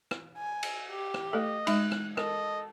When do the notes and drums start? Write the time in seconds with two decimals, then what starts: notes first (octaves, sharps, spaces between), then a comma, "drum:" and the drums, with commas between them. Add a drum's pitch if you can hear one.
0.11 drum: rim click
0.38 G#5
0.63 drum: cymbal
0.91 G4
1.14 drum: rim click
1.33 A3 A4 D#5
1.67 G#3 D#4 F#6, drum: cymbal
1.92 drum: rim click
2.17 A4 A#4 D#5, drum: rim click